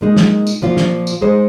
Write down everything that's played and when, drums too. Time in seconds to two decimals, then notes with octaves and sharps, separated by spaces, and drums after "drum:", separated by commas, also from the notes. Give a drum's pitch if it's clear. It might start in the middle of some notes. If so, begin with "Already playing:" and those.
0.01 A#2 G#3 D#4
0.17 drum: snare
0.47 drum: tambourine
0.62 A#2 F3 C4 F4
0.77 drum: snare
1.07 drum: tambourine
1.21 G#3 D#4 G#4 C5